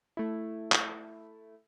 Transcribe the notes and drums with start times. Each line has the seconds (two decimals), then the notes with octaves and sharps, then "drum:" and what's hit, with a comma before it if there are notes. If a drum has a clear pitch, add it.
0.17 A3 E4
0.72 drum: clap